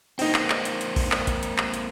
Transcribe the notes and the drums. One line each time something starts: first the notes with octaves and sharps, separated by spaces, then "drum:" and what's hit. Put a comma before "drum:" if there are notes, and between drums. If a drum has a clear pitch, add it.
A#3 C4 D#4 G5, drum: open hi-hat
drum: clap
drum: clap
drum: hi-hat
drum: hi-hat
drum: kick A#1, open hi-hat
drum: clap
drum: kick A#1, hi-hat
drum: hi-hat
drum: clap
drum: hi-hat